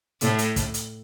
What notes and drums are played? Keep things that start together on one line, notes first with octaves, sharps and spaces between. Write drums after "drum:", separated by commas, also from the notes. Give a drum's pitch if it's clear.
A2, drum: hi-hat
drum: hi-hat
drum: kick, hi-hat
drum: hi-hat